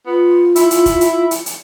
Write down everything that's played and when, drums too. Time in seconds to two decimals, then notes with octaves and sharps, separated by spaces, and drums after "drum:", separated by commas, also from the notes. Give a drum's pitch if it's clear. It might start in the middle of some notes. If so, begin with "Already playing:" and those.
0.06 B3 F4
0.56 E4, drum: hi-hat
0.71 drum: hi-hat
0.86 drum: kick F1, hi-hat
1.01 drum: hi-hat
1.31 drum: hi-hat
1.46 drum: hi-hat